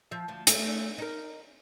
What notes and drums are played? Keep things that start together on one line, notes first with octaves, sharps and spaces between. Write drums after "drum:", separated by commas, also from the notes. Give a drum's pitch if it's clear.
F3 E5
D2 F3
A3 C#4, drum: hi-hat
D#4 A#4